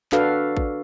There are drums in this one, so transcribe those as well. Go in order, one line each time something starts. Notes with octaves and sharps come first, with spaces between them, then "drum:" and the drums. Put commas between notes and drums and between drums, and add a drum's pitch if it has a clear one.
D4 F#4 A4 B4 F5, drum: clap
drum: kick